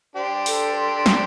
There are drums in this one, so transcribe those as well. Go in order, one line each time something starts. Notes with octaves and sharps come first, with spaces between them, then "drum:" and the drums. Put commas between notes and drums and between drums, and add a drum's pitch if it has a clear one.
D4 G4 C5
A4, drum: open hi-hat
C6
C5, drum: snare